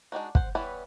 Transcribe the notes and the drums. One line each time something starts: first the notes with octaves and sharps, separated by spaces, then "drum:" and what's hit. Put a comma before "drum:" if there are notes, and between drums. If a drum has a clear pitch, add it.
G#3 D4 D#4 F#4
C5 F#5, drum: kick
E3 G3 B3 E4 C#5